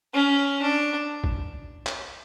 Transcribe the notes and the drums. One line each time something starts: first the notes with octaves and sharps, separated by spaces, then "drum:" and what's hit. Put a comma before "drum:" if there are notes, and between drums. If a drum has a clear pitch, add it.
C#4
D4
drum: kick
drum: clap